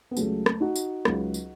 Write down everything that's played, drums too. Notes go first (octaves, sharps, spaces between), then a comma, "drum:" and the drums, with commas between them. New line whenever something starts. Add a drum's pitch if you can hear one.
B3
C#2 C#3 F#3 A3, drum: tambourine
drum: rim click
D#4 F#4
drum: tambourine
C#2 C#3 F#3, drum: rim click
drum: tambourine